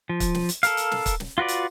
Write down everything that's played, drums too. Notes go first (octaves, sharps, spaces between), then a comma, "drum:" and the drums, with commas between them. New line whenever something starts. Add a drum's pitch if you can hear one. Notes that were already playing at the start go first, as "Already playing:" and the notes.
F3
drum: kick, hi-hat
drum: snare
drum: hi-hat
A4 A#4 F5, drum: hi-hat
drum: hi-hat
drum: snare
drum: kick, hi-hat
drum: snare
F4 F#4 B4 D5
drum: hi-hat